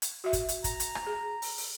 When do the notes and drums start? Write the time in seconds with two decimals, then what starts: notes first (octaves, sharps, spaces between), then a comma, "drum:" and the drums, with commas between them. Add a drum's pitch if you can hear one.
0.02 drum: hi-hat
0.24 F#4 E5
0.33 drum: kick, hi-hat
0.49 drum: hi-hat
0.64 A#5, drum: kick, hi-hat
0.80 drum: hi-hat
0.95 drum: rim click
1.07 G#4
1.42 drum: open hi-hat
1.57 drum: open hi-hat